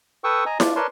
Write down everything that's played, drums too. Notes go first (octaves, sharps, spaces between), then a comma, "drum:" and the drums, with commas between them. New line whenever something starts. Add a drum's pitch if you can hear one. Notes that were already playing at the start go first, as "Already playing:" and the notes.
A4 B4 G5 C#6 D#6 E6
D#5 G#5 A#5
D4 F4 D5, drum: snare E4
A#4 B4 C#5 D5 A5 C6